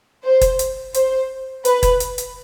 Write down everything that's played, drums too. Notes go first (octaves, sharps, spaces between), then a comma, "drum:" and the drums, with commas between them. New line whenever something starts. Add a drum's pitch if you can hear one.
C5
drum: kick, hi-hat
drum: hi-hat
C5, drum: hi-hat
B4, drum: hi-hat
drum: kick, hi-hat
drum: hi-hat
drum: hi-hat